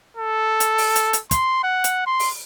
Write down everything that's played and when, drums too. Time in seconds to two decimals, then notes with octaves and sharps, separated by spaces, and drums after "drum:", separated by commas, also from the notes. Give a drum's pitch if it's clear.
0.17 A4
0.60 drum: hi-hat
0.78 drum: open hi-hat
0.96 drum: hi-hat
1.13 drum: hi-hat
1.31 C6, drum: kick, hi-hat
1.63 F#5
1.84 drum: hi-hat
2.06 C6
2.19 drum: open hi-hat